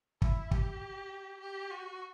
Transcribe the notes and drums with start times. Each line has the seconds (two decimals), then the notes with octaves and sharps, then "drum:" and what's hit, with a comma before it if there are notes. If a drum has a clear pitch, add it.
0.22 E4, drum: kick
0.51 G4, drum: kick
1.40 G4
1.71 F#4